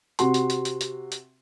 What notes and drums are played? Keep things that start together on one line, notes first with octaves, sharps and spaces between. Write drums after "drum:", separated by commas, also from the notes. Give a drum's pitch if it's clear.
C3 F#4 C6, drum: hi-hat
drum: hi-hat
drum: hi-hat
drum: hi-hat
drum: hi-hat
drum: hi-hat